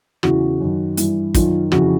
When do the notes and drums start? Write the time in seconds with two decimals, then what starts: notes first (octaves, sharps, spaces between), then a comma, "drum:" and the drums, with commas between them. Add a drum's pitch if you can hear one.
0.23 E2 C#3 E3 F#4, drum: rim click
0.60 F#2 D#3
0.97 G2 E3, drum: hi-hat
1.35 F#2 D#3 F4, drum: kick, hi-hat
1.72 F2 C#3 E3 F#4, drum: rim click